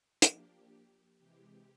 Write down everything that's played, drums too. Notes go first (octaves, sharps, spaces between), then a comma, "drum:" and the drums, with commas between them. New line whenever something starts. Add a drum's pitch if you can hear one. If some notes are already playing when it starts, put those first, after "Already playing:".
F3 A#3 D4 G4, drum: hi-hat
C3 E3 G#3 G4